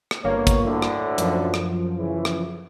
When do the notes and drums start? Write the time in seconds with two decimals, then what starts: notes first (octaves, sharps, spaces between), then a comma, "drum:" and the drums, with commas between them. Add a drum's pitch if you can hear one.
0.11 drum: rim click
0.24 G1 A#3 B3 C#5
0.47 drum: kick, hi-hat
0.64 D2 A2 D3
0.82 drum: rim click
1.18 F#2 F3, drum: hi-hat
1.54 drum: rim click
1.98 C#3 E3
2.25 drum: rim click